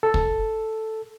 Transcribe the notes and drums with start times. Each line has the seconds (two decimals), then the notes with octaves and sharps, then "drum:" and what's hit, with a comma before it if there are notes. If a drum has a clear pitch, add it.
0.03 A4
0.14 drum: kick